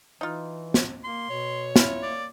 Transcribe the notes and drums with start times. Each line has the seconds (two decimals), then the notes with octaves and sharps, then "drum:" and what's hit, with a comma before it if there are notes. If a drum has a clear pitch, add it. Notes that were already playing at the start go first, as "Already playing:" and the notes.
0.21 E3 D#4 F4
0.74 drum: snare
1.04 A#3 C6
1.30 B2 C#5
1.76 E4 F4, drum: snare
2.03 A#3 D5